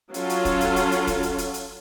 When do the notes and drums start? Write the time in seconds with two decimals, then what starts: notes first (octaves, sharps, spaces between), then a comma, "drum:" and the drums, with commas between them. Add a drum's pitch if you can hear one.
0.14 F#3 C#4 F4 A4, drum: hi-hat
0.30 drum: hi-hat
0.45 drum: kick, hi-hat
0.61 drum: hi-hat
0.76 drum: hi-hat
0.92 drum: hi-hat
1.07 drum: kick, hi-hat
1.23 drum: hi-hat
1.38 drum: hi-hat
1.54 drum: hi-hat